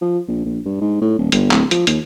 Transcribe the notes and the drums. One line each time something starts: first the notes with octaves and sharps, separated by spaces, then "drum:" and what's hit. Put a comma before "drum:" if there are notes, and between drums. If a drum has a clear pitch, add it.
F3
A#1
A#1
G2
G#2
A2
D#1
G1, drum: hi-hat
D1, drum: clap
F3, drum: hi-hat
D#2, drum: hi-hat